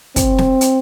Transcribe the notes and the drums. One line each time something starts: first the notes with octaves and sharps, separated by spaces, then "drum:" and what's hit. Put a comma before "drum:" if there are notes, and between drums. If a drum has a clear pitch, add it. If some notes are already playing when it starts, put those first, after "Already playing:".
C4, drum: kick, hi-hat
drum: snare
drum: hi-hat